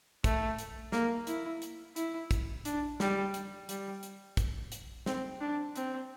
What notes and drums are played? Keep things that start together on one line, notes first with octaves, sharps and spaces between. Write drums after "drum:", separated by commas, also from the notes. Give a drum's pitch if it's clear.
A3, drum: kick, hi-hat
drum: hi-hat
A#3, drum: snare
E4, drum: hi-hat
drum: hi-hat
E4, drum: hi-hat
drum: kick, hi-hat
D4, drum: hi-hat
G3, drum: snare
drum: hi-hat
G3, drum: hi-hat
drum: hi-hat
drum: kick, hi-hat
drum: hi-hat
C4, drum: snare
D4
C4, drum: hi-hat